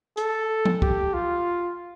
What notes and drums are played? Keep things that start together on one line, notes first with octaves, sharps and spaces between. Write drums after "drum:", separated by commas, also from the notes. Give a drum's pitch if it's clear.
A4, drum: hi-hat
drum: tom F3
G4, drum: kick
F4